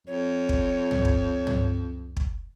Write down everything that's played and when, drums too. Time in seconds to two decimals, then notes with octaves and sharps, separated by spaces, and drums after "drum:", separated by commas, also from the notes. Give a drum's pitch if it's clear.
0.07 F2 C#5
0.49 drum: kick
0.91 drum: tom
1.05 drum: kick
1.47 drum: tom
2.17 drum: kick